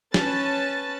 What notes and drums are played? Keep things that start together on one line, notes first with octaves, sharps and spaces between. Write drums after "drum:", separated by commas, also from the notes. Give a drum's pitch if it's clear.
C#4 B4 A5, drum: snare